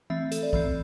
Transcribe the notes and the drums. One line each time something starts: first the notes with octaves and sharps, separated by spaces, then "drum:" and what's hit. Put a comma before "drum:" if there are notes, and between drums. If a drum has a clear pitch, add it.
E3 A3 C4 E5
A4, drum: hi-hat
D5
E3 C4 D5, drum: kick